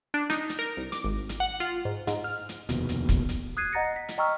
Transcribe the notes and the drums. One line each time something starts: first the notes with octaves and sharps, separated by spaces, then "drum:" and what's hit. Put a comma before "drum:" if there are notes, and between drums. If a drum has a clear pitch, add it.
D4
D#4, drum: hi-hat
drum: hi-hat
A#4
C2
D6, drum: hi-hat
G#1
drum: hi-hat
F#5
F4
G#2
G#2, drum: hi-hat
F6
drum: hi-hat
F1 D#2 B2, drum: hi-hat
drum: hi-hat
drum: kick, hi-hat
drum: hi-hat
D#6 F#6 G#6 C7 D#7
D#5 F#5 A#5 A6 A#6 C#7
B6
drum: hi-hat
D#5 G5 A#5 C#6 E6 F6